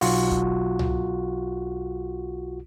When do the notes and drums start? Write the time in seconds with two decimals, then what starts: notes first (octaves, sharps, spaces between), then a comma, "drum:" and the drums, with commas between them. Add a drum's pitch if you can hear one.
0.01 B1 F4 F#4, drum: open hi-hat
0.31 drum: kick
0.79 drum: tom C2